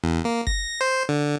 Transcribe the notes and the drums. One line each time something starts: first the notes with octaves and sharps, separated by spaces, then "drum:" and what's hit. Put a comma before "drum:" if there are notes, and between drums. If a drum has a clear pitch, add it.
E2
A#3
A#6, drum: kick F#1
C5
D3